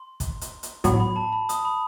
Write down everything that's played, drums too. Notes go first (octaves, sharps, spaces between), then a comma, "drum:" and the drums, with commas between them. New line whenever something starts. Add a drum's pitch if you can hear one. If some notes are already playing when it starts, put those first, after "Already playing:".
Already playing: C6
drum: kick, hi-hat
drum: hi-hat
drum: hi-hat
A2 F#3 B3 F#4 B5, drum: kick, hi-hat
B5
A5
B5
D#6, drum: hi-hat
B5